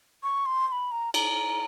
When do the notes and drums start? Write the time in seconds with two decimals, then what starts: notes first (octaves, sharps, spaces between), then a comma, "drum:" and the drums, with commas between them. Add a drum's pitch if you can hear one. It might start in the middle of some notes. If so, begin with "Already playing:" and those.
0.23 C#6
0.46 C6
0.68 C6
0.72 B5
0.91 A#5
1.14 A#5, drum: cymbal